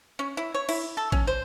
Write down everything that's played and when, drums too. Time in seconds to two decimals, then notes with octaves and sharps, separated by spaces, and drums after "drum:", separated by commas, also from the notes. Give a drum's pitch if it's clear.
0.19 C#4
0.37 E4
0.54 C#5
0.69 E4, drum: cymbal
0.97 A4
1.12 C#4, drum: kick A1
1.27 C5